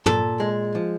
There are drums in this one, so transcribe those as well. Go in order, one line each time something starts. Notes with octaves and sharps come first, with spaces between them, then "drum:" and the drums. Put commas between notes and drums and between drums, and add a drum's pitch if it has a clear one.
A#2 A4, drum: tom
G#3
F3